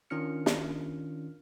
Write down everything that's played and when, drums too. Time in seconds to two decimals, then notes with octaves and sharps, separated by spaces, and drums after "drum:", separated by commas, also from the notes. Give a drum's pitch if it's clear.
0.10 D#3 C#4 D4 F4 F6 C#7
0.46 drum: snare